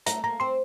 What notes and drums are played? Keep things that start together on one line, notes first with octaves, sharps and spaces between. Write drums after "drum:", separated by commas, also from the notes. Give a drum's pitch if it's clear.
A3 A#5, drum: hi-hat
A#3 A#5
C4 C6